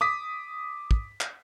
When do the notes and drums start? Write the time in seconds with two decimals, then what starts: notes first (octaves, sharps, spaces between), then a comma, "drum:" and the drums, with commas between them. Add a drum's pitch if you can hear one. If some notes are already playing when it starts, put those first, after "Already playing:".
0.01 D6 D#6 B6
0.91 drum: kick
1.21 drum: clap